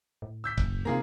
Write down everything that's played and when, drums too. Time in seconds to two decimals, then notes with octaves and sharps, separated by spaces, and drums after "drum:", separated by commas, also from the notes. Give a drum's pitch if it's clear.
0.22 A2
0.44 E6 G6 B6
0.58 F#1, drum: kick C#1
0.85 C3 D#3 A#3 F4 G#4 A#5